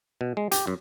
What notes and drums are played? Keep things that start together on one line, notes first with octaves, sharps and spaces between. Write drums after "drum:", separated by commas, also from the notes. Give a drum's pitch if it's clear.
B2
G#3
G4, drum: hi-hat
F#2